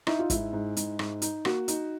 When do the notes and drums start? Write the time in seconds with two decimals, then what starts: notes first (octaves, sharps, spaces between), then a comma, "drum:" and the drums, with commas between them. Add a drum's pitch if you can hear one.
0.07 D#4 E4, drum: rim click
0.19 F4
0.30 G#2 E4, drum: kick, hi-hat
0.53 G#2
0.77 G#2, drum: hi-hat
0.99 G#2, drum: rim click
1.22 D#4, drum: hi-hat
1.45 A#3 F#4, drum: rim click
1.68 D#4, drum: hi-hat